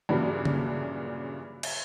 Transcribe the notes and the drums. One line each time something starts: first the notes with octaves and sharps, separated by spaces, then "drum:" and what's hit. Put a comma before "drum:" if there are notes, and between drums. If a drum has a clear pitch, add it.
G2 A#2 C#3 E3 F#3
drum: tom C#3
drum: cymbal